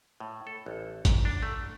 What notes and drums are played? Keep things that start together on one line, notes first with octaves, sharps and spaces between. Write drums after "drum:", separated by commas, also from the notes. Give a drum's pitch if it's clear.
A2
A4
A1
G#2, drum: kick, hi-hat
D4
A3